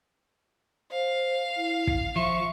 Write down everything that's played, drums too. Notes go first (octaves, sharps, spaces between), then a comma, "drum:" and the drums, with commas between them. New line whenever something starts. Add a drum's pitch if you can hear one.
C5 F5
E4
drum: kick
F3 E5 C#6